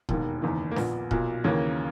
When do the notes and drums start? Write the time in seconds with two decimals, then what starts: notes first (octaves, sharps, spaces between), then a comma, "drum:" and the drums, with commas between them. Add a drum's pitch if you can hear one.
0.09 E1 D#2 D#3, drum: kick D#1
0.42 F#1 E2 D#3
0.71 A#3
0.76 A#1 A#2 B3, drum: snare D4
1.11 B1 A#2, drum: kick D#1
1.44 D#2 C#3 E3 A#3 C#4